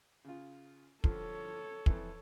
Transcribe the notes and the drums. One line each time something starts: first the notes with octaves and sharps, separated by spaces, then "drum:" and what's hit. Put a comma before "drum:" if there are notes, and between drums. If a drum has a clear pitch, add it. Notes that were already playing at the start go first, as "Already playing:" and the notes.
C#3 F4
G2 D3 F3 A4 C#5, drum: kick
F2 E3, drum: kick